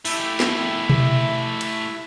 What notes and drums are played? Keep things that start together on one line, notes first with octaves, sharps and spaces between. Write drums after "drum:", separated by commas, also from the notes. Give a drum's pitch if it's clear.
A3 E4 G4 E5, drum: open hi-hat
drum: snare
drum: tom B2
drum: cymbal